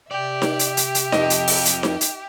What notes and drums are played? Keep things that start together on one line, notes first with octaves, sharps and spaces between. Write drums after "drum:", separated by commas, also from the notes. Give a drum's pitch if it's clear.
C3 G4 D5 E5
drum: snare D#4
drum: hi-hat
drum: hi-hat
drum: hi-hat
F2 D#5, drum: snare D#4
drum: hi-hat
drum: open hi-hat
drum: hi-hat
drum: snare D#4
drum: hi-hat